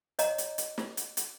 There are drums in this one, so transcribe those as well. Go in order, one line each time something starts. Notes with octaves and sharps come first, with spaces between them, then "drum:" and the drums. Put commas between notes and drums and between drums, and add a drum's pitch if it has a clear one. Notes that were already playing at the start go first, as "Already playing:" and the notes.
C#5 D#5 A#5, drum: hi-hat
drum: hi-hat
drum: hi-hat
drum: snare
drum: hi-hat
drum: hi-hat